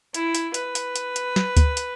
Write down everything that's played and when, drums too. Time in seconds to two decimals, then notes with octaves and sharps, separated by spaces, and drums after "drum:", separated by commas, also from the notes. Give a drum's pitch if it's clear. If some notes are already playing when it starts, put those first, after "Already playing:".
0.14 E4, drum: hi-hat
0.35 drum: hi-hat
0.54 B4, drum: hi-hat
0.75 drum: hi-hat
0.96 drum: hi-hat
1.16 drum: hi-hat
1.36 drum: snare
1.57 drum: kick D2, hi-hat
1.77 drum: hi-hat